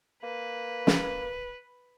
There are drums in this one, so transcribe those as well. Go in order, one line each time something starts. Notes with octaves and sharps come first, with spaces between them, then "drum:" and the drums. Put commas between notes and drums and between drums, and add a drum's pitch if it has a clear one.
A#3 B4
drum: snare